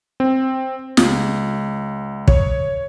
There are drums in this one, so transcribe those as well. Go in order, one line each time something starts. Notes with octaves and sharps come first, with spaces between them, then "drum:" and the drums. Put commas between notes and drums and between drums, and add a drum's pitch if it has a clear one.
C4
C#2, drum: snare
C#5, drum: kick